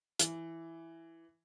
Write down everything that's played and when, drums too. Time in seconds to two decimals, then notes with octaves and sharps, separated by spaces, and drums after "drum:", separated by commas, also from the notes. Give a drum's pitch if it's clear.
0.19 E3, drum: hi-hat